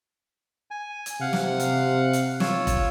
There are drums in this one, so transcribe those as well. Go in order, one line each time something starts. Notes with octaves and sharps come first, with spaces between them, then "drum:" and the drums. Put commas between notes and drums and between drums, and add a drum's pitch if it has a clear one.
G#5
drum: hi-hat
C3 F5 F#5
drum: snare
drum: hi-hat
drum: hi-hat
F4 C#5 E6, drum: snare
drum: kick E1, hi-hat